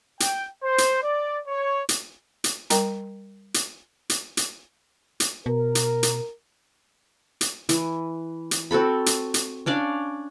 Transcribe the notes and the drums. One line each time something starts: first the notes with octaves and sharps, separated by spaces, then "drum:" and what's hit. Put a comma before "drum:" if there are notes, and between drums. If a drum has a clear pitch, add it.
G5, drum: hi-hat
C5
drum: hi-hat
D5
C#5
drum: hi-hat
drum: hi-hat
G3 A#4 G5 A#5, drum: hi-hat
drum: hi-hat
drum: hi-hat
drum: hi-hat
drum: hi-hat
B2 A#4
drum: hi-hat
drum: hi-hat
drum: hi-hat
E3, drum: hi-hat
drum: hi-hat
C4 F#4 A4 B5
drum: hi-hat
drum: hi-hat
C#4 D4 D5 F5